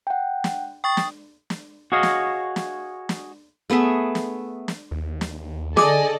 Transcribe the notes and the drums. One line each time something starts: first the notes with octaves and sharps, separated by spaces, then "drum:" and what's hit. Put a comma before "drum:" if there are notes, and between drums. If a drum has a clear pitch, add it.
F#5 G5
drum: snare
G5 C#6 D#6 A6
drum: snare
drum: snare
F#4 G#4 C#5 D#5 F5
drum: snare
drum: snare
drum: snare
A3 B3 G#4 E5
drum: snare
drum: snare
D#2
drum: snare
D3 G#4 A4 D5 D#5 G#5 D#6, drum: snare